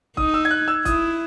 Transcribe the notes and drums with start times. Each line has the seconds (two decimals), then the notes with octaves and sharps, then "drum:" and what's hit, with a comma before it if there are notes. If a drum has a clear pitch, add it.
0.17 D#4 D#6, drum: kick
0.34 E6
0.45 G#6
0.51 F#6
0.68 E6
0.85 E4 D#6, drum: kick, hi-hat